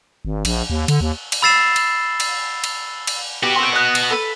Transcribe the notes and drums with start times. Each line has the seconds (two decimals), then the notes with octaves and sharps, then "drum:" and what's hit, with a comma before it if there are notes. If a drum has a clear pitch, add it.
0.25 G#1
0.45 A#1, drum: cymbal
0.70 D#2
0.88 D3, drum: cymbal
1.01 D#2
1.32 drum: cymbal
1.42 B5 E6 A6 C7 E7
1.76 drum: cymbal
2.20 drum: cymbal
2.64 drum: cymbal
3.07 drum: cymbal
3.43 B3 F#4 G4
3.59 C4 G5
3.72 D#5 F#6
3.95 drum: cymbal
4.10 A4 B4